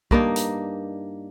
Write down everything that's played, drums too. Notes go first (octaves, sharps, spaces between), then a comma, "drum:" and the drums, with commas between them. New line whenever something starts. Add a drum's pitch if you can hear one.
G2 A#3 D4 D#4, drum: kick
drum: hi-hat